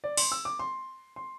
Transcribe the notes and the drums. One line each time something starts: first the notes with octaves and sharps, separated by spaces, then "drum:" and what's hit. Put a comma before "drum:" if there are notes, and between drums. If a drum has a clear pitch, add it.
D5
C6, drum: open hi-hat
E6
D6
C6
C6